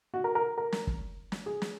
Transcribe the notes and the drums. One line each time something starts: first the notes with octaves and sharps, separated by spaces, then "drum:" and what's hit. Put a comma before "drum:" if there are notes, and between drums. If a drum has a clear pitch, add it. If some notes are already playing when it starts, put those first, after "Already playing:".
F#4
A#4
A#4
A#4
drum: snare
drum: kick
drum: snare
G#4
drum: snare